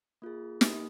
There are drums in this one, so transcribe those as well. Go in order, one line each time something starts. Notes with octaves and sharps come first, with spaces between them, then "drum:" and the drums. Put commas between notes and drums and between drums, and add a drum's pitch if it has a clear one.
A#3 F4 G#4
A#3 D#4 G4, drum: snare